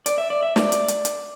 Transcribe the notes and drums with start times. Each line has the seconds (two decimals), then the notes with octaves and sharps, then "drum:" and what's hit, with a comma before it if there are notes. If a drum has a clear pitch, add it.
0.06 D5, drum: hi-hat
0.18 E5
0.30 D5
0.43 E5
0.56 D5, drum: snare
0.72 drum: hi-hat
0.88 drum: hi-hat
1.05 drum: hi-hat